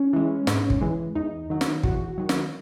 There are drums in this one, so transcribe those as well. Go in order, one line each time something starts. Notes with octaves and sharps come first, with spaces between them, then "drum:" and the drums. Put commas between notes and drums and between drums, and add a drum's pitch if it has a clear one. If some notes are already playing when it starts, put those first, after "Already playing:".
Already playing: C#4
E3 G#3
G#2, drum: snare
drum: kick
E3 G#3
E2 D#4
D#3 F#3
drum: snare
E2 F#4, drum: kick
D#3 F#3
drum: snare